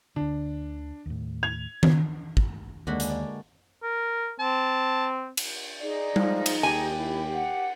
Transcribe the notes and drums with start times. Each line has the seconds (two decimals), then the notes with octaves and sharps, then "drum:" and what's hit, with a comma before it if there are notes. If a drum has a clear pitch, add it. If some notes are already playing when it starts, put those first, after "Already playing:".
0.16 D2 D3 D4
1.06 D#2 A2
1.43 G#6 F7
1.83 drum: tom D#3
2.37 drum: kick
2.87 D#2 D3 G#3 A#3 D4 F#4 B5
3.00 drum: hi-hat
3.10 D5
3.83 A#4
4.40 C4 A5
5.37 drum: cymbal
5.81 D#4 G#4 D5
6.16 F3, drum: tom G3
6.46 drum: cymbal
6.63 D#2 G4 G#5
6.97 E4
7.34 F#5